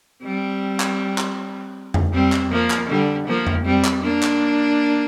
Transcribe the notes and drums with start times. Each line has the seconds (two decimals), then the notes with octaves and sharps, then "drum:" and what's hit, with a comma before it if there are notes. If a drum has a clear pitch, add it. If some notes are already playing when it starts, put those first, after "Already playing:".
0.23 G3 C4
0.80 drum: clap
1.18 drum: clap
1.94 drum: tom F2
2.13 G3 C4
2.32 drum: clap
2.52 F3 A#3
2.70 drum: clap
2.89 D3 G3
3.27 F3 A#3
3.47 drum: tom F2
3.65 G3 C4
3.85 drum: clap
4.03 A#3 D4
4.23 drum: clap